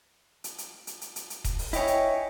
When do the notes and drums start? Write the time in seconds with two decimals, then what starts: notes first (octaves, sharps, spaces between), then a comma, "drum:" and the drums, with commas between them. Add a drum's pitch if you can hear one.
0.44 drum: hi-hat
0.58 drum: hi-hat
0.87 drum: hi-hat
1.01 drum: hi-hat
1.16 drum: hi-hat
1.30 drum: hi-hat
1.44 drum: kick D#1, hi-hat
1.59 drum: open hi-hat
1.73 E4 C#5 D#5 G5 G#5, drum: hi-hat
1.87 drum: hi-hat